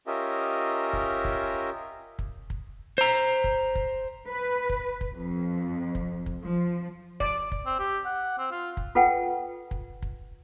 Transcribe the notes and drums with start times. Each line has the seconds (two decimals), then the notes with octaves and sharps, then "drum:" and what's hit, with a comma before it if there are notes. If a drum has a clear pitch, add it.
0.07 C#4 F4 G4 A#4 D#5 E5
0.93 drum: kick
1.25 drum: kick
2.19 drum: kick
2.50 drum: kick
2.98 C5 A#5
3.44 drum: kick
3.75 drum: kick
4.27 B4
4.69 drum: kick
5.01 drum: kick
5.13 F2
5.95 drum: kick
6.26 drum: kick
6.43 F3
7.20 D5, drum: kick
7.52 drum: kick
7.66 C4
7.79 G4
8.05 F#5
8.38 C4
8.51 F4
8.77 drum: kick
8.95 F4 A4 B4 F#5 G5
9.71 drum: kick
10.02 drum: kick